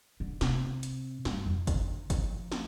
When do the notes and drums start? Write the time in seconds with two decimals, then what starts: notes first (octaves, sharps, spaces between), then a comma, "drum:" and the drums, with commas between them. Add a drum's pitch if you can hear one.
0.20 D3
0.41 C3, drum: snare
0.83 drum: hi-hat
1.25 G2, drum: snare
1.46 F2
1.67 D3, drum: kick, hi-hat
2.10 F3, drum: kick, hi-hat
2.52 drum: snare